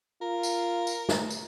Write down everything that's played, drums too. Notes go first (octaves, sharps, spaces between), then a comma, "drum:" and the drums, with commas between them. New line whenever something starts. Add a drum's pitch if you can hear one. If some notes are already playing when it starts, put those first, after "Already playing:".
F4 A#4
drum: tambourine
drum: tambourine
drum: snare
drum: tambourine